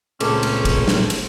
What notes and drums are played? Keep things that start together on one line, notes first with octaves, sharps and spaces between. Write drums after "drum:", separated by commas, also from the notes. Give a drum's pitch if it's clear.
C#2 A#2 A3 C4 C#4 G#4 A#4 A5, drum: cymbal
drum: cymbal
drum: kick, cymbal
drum: snare
drum: cymbal